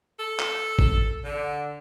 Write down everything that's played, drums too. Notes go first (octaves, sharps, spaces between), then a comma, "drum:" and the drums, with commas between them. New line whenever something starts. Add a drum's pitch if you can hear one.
A4
drum: clap
drum: kick A1
D3